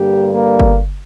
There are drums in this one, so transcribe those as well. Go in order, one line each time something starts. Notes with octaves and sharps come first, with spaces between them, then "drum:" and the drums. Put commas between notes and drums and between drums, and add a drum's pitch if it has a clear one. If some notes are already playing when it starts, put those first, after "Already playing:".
Already playing: G2 D3 G3 A#3 G4
A#3
drum: kick G1